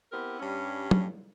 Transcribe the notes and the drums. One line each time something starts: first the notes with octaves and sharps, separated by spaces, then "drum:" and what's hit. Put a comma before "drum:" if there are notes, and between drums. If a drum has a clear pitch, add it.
B3 C4 E4 G4 A#4
G2 G3 C#4
drum: tom